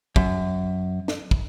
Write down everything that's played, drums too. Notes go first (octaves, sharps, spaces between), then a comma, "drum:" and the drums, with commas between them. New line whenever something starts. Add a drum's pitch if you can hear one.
F#2, drum: kick
drum: snare
drum: kick